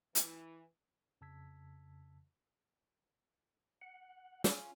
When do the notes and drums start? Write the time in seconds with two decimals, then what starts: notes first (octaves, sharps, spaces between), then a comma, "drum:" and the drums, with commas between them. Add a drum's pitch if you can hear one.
0.15 E3, drum: hi-hat
1.21 F2 C#3 A5 E6 G#6 B6
3.81 F#5
4.44 C#4 F4, drum: snare